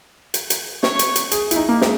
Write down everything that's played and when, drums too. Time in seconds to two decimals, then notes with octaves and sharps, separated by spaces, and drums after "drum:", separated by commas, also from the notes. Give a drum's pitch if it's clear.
0.34 drum: hi-hat
0.50 drum: hi-hat
0.83 C#5, drum: snare
0.99 drum: hi-hat
1.16 drum: hi-hat
1.31 G#4, drum: hi-hat
1.51 E4, drum: hi-hat
1.56 D#4
1.69 A#3
1.81 G#3, drum: snare